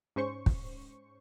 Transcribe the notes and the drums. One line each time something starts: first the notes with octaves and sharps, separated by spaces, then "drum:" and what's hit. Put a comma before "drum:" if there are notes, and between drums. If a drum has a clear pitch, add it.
G#2 C#4 C5 C#6
drum: kick